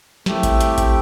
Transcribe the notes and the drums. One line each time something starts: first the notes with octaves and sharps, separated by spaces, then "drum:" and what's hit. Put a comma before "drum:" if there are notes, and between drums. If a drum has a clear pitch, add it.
A3 C4 E4 G4, drum: snare
drum: kick A1, hi-hat
drum: hi-hat
drum: kick A1, hi-hat